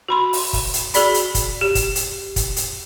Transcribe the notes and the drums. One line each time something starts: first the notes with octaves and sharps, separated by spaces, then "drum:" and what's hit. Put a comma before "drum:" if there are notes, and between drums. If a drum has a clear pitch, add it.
F#4 B5 C6
drum: open hi-hat
drum: kick, open hi-hat
drum: hi-hat
F#4 G#4 D5 B5, drum: hi-hat
drum: hi-hat
drum: kick, hi-hat
G4
drum: kick, hi-hat
drum: hi-hat
drum: kick, hi-hat
drum: hi-hat